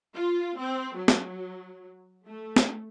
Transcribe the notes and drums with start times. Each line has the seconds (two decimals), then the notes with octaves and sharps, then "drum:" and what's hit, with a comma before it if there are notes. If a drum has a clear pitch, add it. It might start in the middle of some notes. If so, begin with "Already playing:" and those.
0.15 F4
0.58 C4
0.97 F#3
1.08 drum: snare
2.27 A3
2.56 drum: snare